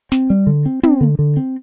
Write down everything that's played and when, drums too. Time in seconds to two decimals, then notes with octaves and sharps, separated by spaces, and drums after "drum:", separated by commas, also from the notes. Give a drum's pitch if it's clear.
0.12 C4, drum: snare
0.30 G3
0.47 D3
0.66 C4
0.83 C4, drum: tom
1.01 D3
1.19 D3
1.37 C4